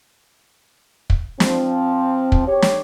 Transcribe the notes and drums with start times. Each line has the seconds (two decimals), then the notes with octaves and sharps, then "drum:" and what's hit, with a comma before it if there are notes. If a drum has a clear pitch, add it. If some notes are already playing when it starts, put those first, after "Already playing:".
1.10 drum: kick
1.40 F3 C4, drum: snare
2.32 drum: kick
2.47 G4 C#5
2.62 drum: snare